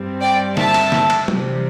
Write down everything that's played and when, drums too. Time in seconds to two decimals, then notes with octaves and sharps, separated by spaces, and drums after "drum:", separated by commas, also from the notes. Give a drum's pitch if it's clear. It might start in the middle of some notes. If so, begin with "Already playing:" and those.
Already playing: G2 G3 C4
0.21 D5 G5
0.57 E5 A5, drum: snare
0.74 drum: cymbal
0.92 drum: snare
1.10 drum: cymbal
1.28 C3 E3 G3, drum: tom